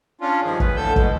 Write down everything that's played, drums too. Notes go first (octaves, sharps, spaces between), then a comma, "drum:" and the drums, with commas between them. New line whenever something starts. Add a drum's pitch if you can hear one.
C#4 D4 F4
G2 D#3 F3 G#4
B4, drum: kick
A2 D3 A4 E6 G6
B2 G#3, drum: kick